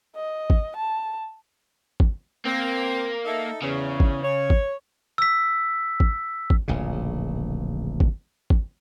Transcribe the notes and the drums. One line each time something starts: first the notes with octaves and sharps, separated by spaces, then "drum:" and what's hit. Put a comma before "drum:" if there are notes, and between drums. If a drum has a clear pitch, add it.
D#5
drum: kick
A5
drum: kick
A#3 C4
D#4 A4 E5
E2 C#3 C#4
drum: kick
C#5
drum: kick
E6 B6
drum: kick
drum: kick
D1 A#1 C#3
drum: kick
drum: kick